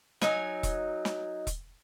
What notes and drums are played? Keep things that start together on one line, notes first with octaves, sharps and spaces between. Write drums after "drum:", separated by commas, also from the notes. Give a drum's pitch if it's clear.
F#3 D#4 G#5, drum: snare
drum: kick E1, hi-hat
drum: snare
drum: kick E1, hi-hat